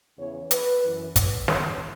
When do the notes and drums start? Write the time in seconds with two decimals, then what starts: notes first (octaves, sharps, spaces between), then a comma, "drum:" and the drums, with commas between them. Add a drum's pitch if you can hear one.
0.18 E2 C#3 E3 C#5
0.51 B4, drum: hi-hat
0.83 F#2 E3
1.16 drum: kick, hi-hat
1.48 E2 C#3 E3 C#5, drum: snare